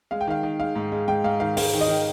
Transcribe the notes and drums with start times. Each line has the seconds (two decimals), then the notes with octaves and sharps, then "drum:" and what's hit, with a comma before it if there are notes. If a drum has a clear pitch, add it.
0.11 G#3 F5
0.21 G5
0.27 D#3 F5
0.43 D#3
0.59 G#3 F5
0.75 G#2
0.92 G#3
1.08 G#3 G5
1.24 G#2 F5
1.40 D#3 F5
1.57 G#3 F5, drum: open hi-hat
1.73 D#3
1.81 D#5
1.89 D#3